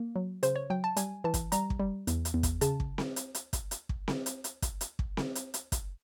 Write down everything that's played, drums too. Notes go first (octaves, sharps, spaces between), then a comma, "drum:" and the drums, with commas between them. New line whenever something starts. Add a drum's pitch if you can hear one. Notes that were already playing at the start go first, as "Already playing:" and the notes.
Already playing: A#3
F#3
C#3 C5, drum: hi-hat
C#5
F#3 G5
A5
G3 G#5, drum: hi-hat
E3 A5
drum: kick, hi-hat
G3 A#5, drum: hi-hat
drum: kick
G3
E2, drum: hi-hat
drum: hi-hat
E2
drum: kick, hi-hat
C#3 A5, drum: hi-hat
drum: kick
drum: snare C4
drum: hi-hat
drum: hi-hat
drum: kick, hi-hat
drum: hi-hat
drum: kick
drum: snare C4
drum: hi-hat
drum: hi-hat
drum: kick, hi-hat
drum: hi-hat
drum: kick
drum: snare C4
drum: hi-hat
drum: hi-hat
drum: kick, hi-hat